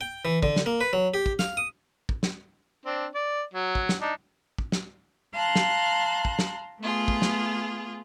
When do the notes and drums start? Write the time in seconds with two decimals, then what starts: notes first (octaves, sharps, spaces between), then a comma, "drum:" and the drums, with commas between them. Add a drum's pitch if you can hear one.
0.01 G5
0.25 E3
0.43 D3, drum: kick
0.56 drum: snare
0.66 A#3
0.81 B4
0.93 F#3
1.14 G4
1.26 drum: kick
1.39 F5, drum: snare
1.57 D#6
2.09 drum: kick
2.23 drum: snare
2.86 C4 D4
3.15 D5
3.54 F#3
3.75 drum: kick
3.89 drum: snare
4.01 D4 D#4
4.58 drum: kick
4.72 drum: snare
5.33 F5 A5 A#5 C6 F#6
5.55 drum: snare
6.25 drum: kick
6.39 drum: snare
6.80 A3 B3 F4 G#4
7.08 drum: kick
7.22 drum: snare